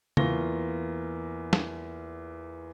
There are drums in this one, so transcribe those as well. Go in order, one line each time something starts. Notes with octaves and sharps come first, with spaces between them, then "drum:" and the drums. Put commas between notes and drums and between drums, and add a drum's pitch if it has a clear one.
E2 A#3 F4 C#6 A#6 G7, drum: tom
drum: snare